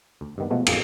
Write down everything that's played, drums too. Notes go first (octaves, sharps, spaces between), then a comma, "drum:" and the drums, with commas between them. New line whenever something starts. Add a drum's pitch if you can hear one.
D2
G2 D#3 B3
B2 F3 G#3 A3 B3
A1 F2 A#3 G#4, drum: cymbal